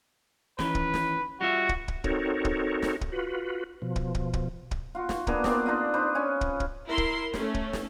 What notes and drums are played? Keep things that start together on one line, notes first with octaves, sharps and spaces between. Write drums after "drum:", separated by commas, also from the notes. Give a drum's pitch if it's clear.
D#3 E3 C#4 B4, drum: snare
drum: kick
drum: snare
G3 F4 F#4 E5
drum: kick
drum: kick
C4 D#4 F#4 A4 A#4 C#5, drum: kick
drum: kick
drum: snare
drum: kick
F4 F#4 B4
B2 F3
drum: kick
drum: kick
drum: kick
drum: kick
F4 F#4
drum: snare
A#3 B3 D4 G#4, drum: kick
A#3 C4 D4, drum: snare
D4 D#4 F4 D#5
D4 B4 C5
C#4 G#5
drum: kick
drum: kick
E4 A#4 C6
drum: kick
A3 C#4, drum: snare
drum: kick
drum: snare